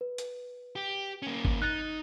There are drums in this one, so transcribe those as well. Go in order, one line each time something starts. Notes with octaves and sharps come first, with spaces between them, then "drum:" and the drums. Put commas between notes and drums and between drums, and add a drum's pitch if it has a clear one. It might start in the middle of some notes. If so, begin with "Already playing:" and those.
B4
drum: hi-hat
G4
A#3 C#4
drum: kick G#1
D#4 F#6 A6